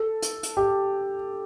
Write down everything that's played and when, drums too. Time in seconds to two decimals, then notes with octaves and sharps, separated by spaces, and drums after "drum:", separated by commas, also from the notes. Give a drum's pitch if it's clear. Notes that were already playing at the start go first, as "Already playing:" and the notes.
Already playing: A4
0.22 drum: hi-hat
0.43 drum: hi-hat
0.57 G4